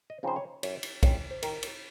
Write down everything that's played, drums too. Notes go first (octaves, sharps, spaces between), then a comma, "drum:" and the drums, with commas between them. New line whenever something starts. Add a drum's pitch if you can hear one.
D#5
C#3 F3 C4 D#4 C5
C#5
F#2 C#5, drum: cymbal
drum: cymbal
C#3 F3 C4 D#4 C#5, drum: kick, cymbal
C5
D#3 A#4, drum: cymbal
drum: cymbal